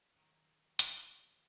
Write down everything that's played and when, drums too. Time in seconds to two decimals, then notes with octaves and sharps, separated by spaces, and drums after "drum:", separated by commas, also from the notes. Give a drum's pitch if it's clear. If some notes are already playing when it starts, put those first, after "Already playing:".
0.16 D#3 F#3 A#4
0.79 drum: hi-hat